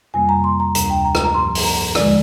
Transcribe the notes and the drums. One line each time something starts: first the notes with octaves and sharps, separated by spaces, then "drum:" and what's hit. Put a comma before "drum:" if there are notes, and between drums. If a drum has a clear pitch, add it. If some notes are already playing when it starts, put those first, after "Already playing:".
F2 C3 G3 A#3 G#5
A#5
C6
A#5
D2 C3 G3 A#5, drum: hi-hat
G5
A#5
drum: rim click
A#5
G2 F3 A#3 C6
drum: open hi-hat
A#5
D#2 D3 F3 G#3 D5, drum: rim click